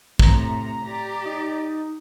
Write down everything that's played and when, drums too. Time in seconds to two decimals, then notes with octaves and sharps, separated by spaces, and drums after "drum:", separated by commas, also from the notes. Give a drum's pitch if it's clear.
0.19 A2 C3 A#5, drum: kick
0.85 G4 D5
1.26 D#4